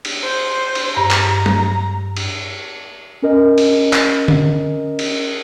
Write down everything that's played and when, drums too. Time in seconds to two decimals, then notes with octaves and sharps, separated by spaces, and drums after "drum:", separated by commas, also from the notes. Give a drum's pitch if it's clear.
0.05 drum: cymbal
0.23 C5
0.75 drum: cymbal
0.97 G2 A#5
1.11 drum: clap
1.46 drum: tom
2.17 drum: cymbal
3.22 C#4 A#4 D#5
3.58 drum: cymbal
3.93 drum: clap
4.28 drum: tom D3
4.99 drum: cymbal